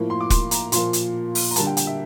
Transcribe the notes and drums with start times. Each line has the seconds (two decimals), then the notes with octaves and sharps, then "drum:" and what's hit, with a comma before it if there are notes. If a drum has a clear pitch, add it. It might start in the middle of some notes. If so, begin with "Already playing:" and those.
Already playing: A2 F3 A#3
0.10 C6
0.20 D6
0.30 C6, drum: kick, hi-hat
0.51 A#5, drum: hi-hat
0.72 A#2 F3 A#3 C6, drum: hi-hat
0.93 drum: hi-hat
1.35 drum: open hi-hat
1.51 A#5
1.56 D3 G3 A#3 A5, drum: hi-hat
1.67 G5
1.77 G5, drum: hi-hat
1.87 E5